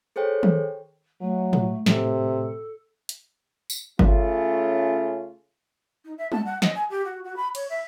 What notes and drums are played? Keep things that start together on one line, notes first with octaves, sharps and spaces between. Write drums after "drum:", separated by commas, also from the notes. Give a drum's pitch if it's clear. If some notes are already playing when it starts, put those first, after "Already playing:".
G#4 A4 C5 C#5 G5
drum: tom D#3
F#3 A3
drum: tom A2
A2 C3 A4, drum: snare
drum: hi-hat
drum: tambourine
C#3 A3 C#4 F4, drum: kick G1
D#4
E5
A5, drum: tom G3
F#5
D#5, drum: snare
G#5
G4
F#4
F#4
B5
C#5, drum: cymbal
E5